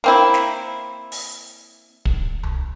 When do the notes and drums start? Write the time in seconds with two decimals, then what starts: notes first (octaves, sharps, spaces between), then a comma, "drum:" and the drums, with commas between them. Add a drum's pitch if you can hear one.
0.04 A#3 C4 E4
0.34 drum: snare
1.12 drum: open hi-hat
2.05 drum: kick
2.43 drum: tom C2